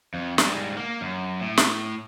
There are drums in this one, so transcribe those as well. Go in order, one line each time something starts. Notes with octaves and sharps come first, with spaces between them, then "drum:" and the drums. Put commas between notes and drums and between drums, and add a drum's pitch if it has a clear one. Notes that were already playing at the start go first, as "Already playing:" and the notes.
F2
G#2 G3, drum: snare
A#3
F#2
A2
drum: snare